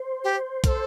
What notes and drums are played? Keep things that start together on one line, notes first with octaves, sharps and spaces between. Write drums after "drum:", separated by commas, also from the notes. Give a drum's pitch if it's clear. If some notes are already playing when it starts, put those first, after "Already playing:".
Already playing: C5
G4
A#4, drum: kick, hi-hat
A4